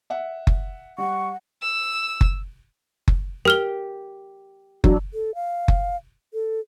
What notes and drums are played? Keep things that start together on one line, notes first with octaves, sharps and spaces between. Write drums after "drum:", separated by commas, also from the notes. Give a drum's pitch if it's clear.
E5 F#5
drum: kick F#1
G3 F#5 C#6
E6
drum: kick F#1
drum: kick F#1
G4 A#4 F6 G7
F#3 D4, drum: kick F#1
A4
F5
drum: kick F#1
A4